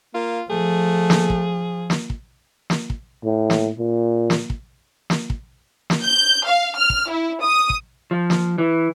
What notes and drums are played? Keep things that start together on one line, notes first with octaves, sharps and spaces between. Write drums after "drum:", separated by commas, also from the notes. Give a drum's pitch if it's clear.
A#3 F4
F3 A3 G#4
drum: snare
drum: kick
drum: snare
drum: kick
drum: snare
drum: kick
A2
drum: snare
A#2
drum: snare
drum: kick
drum: snare
drum: kick
drum: snare
G6
F5
F6
drum: kick
E4
D#6
drum: kick
F3
drum: snare
E3